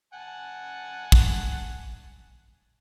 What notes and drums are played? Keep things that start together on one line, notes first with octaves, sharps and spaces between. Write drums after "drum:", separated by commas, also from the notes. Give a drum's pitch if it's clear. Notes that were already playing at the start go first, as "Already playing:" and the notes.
F#5 G#5 A5
drum: kick